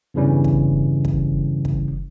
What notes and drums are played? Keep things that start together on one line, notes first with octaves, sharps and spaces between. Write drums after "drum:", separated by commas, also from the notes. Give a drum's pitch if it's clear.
E2 G2 C#3 E3 G3 C#4
drum: kick
drum: kick
drum: kick